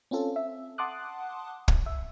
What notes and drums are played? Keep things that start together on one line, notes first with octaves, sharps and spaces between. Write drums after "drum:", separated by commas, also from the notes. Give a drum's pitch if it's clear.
C4 C#4 F4 A4
E5
F#5 A5 C6 D6 D#6 F#6
drum: kick
E5